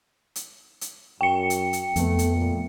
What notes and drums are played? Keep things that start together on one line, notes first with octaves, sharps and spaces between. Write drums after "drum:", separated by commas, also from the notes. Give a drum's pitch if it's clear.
drum: hi-hat
drum: hi-hat
F#2 G5 C#7
drum: hi-hat
drum: hi-hat
F2 A3 B3, drum: hi-hat
drum: hi-hat
A#2 A3